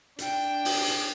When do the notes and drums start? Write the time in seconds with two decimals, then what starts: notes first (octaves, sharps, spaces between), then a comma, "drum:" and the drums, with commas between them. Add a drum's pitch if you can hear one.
0.19 D4 G5, drum: hi-hat
0.65 drum: open hi-hat
0.88 drum: hi-hat